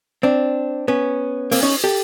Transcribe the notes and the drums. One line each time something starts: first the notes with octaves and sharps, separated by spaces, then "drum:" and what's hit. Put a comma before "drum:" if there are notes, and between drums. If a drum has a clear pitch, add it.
C4 D4
B3 C#4
A#3 C4, drum: open hi-hat
C#4 D#4
G4 A4